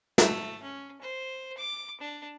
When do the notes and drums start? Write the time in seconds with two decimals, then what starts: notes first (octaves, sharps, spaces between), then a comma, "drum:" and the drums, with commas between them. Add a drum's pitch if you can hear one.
0.18 A3, drum: snare
0.62 C#4
1.02 C5
1.58 D6
2.01 D4